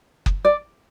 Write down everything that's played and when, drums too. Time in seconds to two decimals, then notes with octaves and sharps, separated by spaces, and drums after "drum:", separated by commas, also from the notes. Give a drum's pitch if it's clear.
0.26 drum: kick F#1
0.45 D5